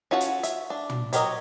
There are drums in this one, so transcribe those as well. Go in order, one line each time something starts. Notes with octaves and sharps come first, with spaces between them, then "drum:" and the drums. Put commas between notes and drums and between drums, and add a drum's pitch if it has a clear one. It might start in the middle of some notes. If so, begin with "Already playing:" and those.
C#4 F4 F#4 A4 F#5
drum: hi-hat
E5, drum: hi-hat
D4
drum: tom
F#3 G4 A#4 C#5 D#5, drum: hi-hat